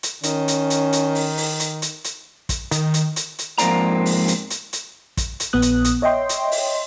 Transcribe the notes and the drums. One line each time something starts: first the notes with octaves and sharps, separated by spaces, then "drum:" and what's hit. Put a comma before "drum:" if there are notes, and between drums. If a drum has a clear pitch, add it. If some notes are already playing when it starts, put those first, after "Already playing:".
drum: hi-hat
D#3 C#4, drum: hi-hat
drum: hi-hat
drum: hi-hat
drum: hi-hat
drum: open hi-hat
drum: open hi-hat
drum: hi-hat
drum: hi-hat
drum: hi-hat
drum: kick, hi-hat
D#3, drum: hi-hat
drum: hi-hat
drum: hi-hat
drum: hi-hat
G#2 F3 A#3 C4 D5 A#5, drum: hi-hat
drum: open hi-hat
drum: hi-hat
drum: hi-hat
drum: hi-hat
drum: kick, hi-hat
drum: hi-hat
A#1 B3 D#6 F#6
drum: hi-hat
drum: hi-hat
C#5 D#5 E5 G5 C6
drum: hi-hat
drum: open hi-hat